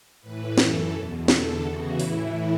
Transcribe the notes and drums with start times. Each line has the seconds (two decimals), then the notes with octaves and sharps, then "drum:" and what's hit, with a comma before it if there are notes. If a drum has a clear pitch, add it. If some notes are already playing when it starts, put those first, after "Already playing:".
0.21 A2 E3 B4
0.58 F#2 E3 A4, drum: snare
0.93 E2 B2
1.28 E2 D3 A4, drum: snare
1.64 E2 C#3 E3 F#4
2.00 A2 E3 E4, drum: open hi-hat